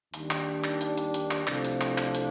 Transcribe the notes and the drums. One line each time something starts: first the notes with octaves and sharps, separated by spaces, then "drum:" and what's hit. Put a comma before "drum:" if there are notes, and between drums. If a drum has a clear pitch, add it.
D#2 D#3 G3 D4, drum: hi-hat
drum: clap
drum: clap
drum: hi-hat
drum: hi-hat
drum: hi-hat
drum: clap
C2 C3 F3 A3 D4, drum: clap
drum: hi-hat
drum: clap
drum: clap
drum: hi-hat